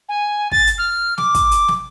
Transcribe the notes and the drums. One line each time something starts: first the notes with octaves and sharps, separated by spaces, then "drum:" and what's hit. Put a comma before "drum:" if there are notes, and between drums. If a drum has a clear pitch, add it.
G#5
A6, drum: kick
drum: hi-hat
F6
D6, drum: snare
drum: kick, hi-hat
drum: hi-hat
drum: snare